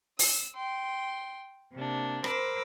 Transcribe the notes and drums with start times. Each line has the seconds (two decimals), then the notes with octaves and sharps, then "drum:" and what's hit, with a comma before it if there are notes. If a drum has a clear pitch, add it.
0.19 E6, drum: open hi-hat
0.55 G5 C6
1.74 C3 A#3 D4
2.24 A#4 C5 B5 D6 E6, drum: rim click